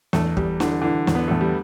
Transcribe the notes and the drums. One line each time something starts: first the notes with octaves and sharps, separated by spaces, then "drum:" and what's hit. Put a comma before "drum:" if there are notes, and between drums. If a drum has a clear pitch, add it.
E2 A3, drum: snare
E2 G3, drum: kick
D3 E3, drum: snare
D3 E3
E2, drum: snare
B3
E2 A3
G3